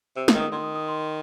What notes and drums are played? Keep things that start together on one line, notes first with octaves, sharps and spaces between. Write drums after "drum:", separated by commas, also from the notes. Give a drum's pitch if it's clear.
C3 E6
D#6, drum: snare
D#3
D#6
D#3 C6
D#6
D#6
C6
C6